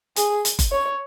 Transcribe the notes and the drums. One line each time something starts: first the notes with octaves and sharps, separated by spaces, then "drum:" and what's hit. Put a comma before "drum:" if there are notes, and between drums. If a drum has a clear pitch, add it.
G#4, drum: hi-hat
drum: hi-hat
drum: kick F#1, hi-hat
C#5